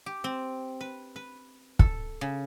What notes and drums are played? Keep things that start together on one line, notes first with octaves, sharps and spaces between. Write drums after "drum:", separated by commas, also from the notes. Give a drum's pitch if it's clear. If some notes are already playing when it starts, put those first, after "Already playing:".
G4
C4
B4
B4
A4, drum: kick
C#3